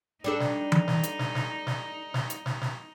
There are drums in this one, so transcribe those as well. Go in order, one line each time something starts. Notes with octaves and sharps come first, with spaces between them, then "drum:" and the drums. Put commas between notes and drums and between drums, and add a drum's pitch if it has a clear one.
G3 D4 D#4 A4
drum: snare
drum: tom E3
drum: snare
drum: hi-hat
drum: snare
drum: snare
drum: snare
drum: snare
drum: hi-hat
drum: snare
drum: snare